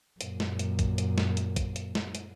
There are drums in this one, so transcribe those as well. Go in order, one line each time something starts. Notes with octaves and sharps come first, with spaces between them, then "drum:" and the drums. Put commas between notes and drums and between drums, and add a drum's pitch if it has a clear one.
F#2 A#2, drum: hi-hat
drum: snare
drum: hi-hat
drum: kick, hi-hat
drum: hi-hat
drum: snare
drum: hi-hat
drum: kick, hi-hat
drum: hi-hat
drum: snare
drum: hi-hat